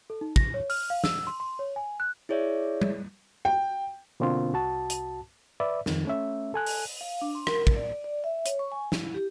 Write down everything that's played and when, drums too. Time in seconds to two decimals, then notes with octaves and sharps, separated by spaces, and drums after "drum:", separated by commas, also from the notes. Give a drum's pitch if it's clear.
0.10 A4
0.21 D#4
0.36 A#6, drum: kick
0.54 C#5
0.70 F6, drum: open hi-hat
0.90 F5
1.04 E6, drum: snare
1.27 C6
1.40 C6
1.59 C#5
1.76 G#5
2.00 F#6
2.29 E4 G#4 C#5 D5 E5
2.82 drum: tom G3
3.45 G5
4.20 B2 D3 A#3 C4 D4 F4
4.53 C2 F#4 A5
4.90 drum: hi-hat
5.60 B4 D5 E5
5.86 F2 D#3, drum: snare
6.05 A3 C#4 E5
6.54 A4 G#5 F#6
6.66 drum: open hi-hat
7.01 F5
7.22 D4
7.35 C6
7.47 A#4, drum: rim click
7.67 drum: kick
7.76 D5
8.04 D5
8.24 E5
8.46 C#5, drum: hi-hat
8.59 C#6
8.72 G#5
8.92 E4, drum: snare
9.14 G4